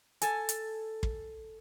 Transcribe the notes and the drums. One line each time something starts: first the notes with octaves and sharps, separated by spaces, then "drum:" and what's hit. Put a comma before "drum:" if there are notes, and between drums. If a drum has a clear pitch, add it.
A4 G#5, drum: hi-hat
drum: hi-hat
drum: kick